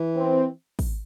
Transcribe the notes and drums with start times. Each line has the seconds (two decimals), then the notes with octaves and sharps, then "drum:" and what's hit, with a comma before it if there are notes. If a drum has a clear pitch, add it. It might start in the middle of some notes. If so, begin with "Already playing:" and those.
Already playing: E3
0.16 C4
0.79 drum: kick, open hi-hat